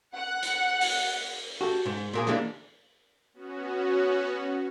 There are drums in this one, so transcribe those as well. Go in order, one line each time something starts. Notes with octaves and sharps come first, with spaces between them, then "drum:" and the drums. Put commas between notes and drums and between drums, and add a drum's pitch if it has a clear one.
F#5
drum: hi-hat
drum: open hi-hat
F#4 G4 A4
G#2
A#2 A#3 G#4
D3 E3 G3 G#3 A#3 D4
B3 C#4 F#4